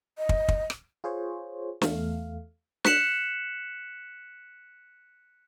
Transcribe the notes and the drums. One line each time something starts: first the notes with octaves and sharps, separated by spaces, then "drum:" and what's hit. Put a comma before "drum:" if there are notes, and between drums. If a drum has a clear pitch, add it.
D#5
drum: kick
drum: kick
drum: rim click
F4 G#4 C5 C#5
E2 A3 F5, drum: snare
F#6 B6 C#7 E7 F#7, drum: snare